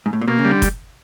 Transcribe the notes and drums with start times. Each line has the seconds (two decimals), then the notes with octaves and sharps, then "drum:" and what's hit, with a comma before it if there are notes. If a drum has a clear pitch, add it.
0.06 G#2
0.13 A2
0.21 A#2
0.28 B2 A#3
0.39 C#3
0.45 G3
0.51 D3
0.62 drum: kick, hi-hat